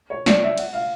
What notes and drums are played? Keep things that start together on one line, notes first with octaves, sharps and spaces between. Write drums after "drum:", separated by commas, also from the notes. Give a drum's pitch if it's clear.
C#5
D5, drum: snare
E5
F#5, drum: cymbal
F5